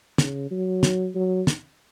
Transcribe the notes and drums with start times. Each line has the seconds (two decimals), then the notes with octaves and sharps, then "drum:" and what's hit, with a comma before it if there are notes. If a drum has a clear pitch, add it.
0.18 C#3, drum: snare
0.51 F#3
0.83 drum: snare
1.15 F#3
1.47 drum: snare